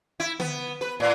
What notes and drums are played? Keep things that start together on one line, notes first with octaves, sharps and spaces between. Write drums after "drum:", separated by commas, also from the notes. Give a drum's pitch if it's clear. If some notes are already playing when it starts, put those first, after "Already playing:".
E4
B3, drum: tom D3
B4
A2